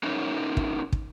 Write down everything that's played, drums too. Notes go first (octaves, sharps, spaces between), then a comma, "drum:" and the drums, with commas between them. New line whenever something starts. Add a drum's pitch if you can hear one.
C#4 D#4 E4 A#4 C#5
drum: kick
drum: kick